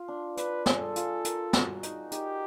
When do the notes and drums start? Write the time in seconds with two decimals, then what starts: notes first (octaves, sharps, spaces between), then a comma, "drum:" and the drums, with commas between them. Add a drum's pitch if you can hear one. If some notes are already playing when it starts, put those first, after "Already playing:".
Already playing: F4
0.08 D4
0.37 D4 B4, drum: hi-hat
0.66 G#4, drum: snare
0.81 A4
0.96 F4, drum: hi-hat
1.25 A#4, drum: hi-hat
1.53 F#4, drum: snare
1.83 D#4, drum: hi-hat
2.12 D#4 G4, drum: hi-hat